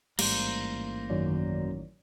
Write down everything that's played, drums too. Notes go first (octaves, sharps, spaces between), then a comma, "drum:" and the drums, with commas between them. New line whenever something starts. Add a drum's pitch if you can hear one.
A1 G#2 G3 A#3 C5, drum: cymbal
F#2 D#3 C#5 D5